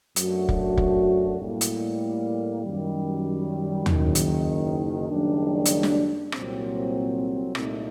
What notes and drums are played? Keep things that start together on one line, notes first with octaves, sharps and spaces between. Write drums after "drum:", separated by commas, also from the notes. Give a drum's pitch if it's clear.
F#2 F#3 A3 D4 F#4, drum: hi-hat
drum: kick
drum: kick
A2 G3 A#3
drum: hi-hat
F#2 D#3 G3
F#1 F#2 D#3, drum: tom
drum: hi-hat
F#1 F#2 D#3 G3 D4
drum: hi-hat
drum: snare
C2 A#2 F#3 C4, drum: rim click
C2 A#2 A3 D#4, drum: rim click